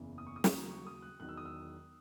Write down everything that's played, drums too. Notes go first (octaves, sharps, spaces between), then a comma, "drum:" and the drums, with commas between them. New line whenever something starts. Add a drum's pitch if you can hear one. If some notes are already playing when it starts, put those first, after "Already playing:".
Already playing: F#1 E2 C#3 E3
D#6
C#6
D#6
C#6, drum: snare
D#2 C#3 F#3 A#5
C#6
D#6
F#6
E1 E2 D#3 F#3 F#6
E6
D#6
E6